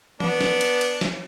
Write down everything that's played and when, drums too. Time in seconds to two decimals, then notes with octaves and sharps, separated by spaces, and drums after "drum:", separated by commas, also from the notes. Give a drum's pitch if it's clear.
0.20 B3 D4, drum: tom E3
0.41 drum: snare
0.61 drum: cymbal
0.81 drum: cymbal
1.01 drum: snare